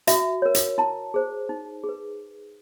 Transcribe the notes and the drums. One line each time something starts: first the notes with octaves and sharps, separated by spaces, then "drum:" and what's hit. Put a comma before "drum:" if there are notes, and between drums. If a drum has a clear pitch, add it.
F#4 E5, drum: hi-hat
A#4 C#5
drum: hi-hat
E4 A5
G#4 C5
D#4
G#4
B4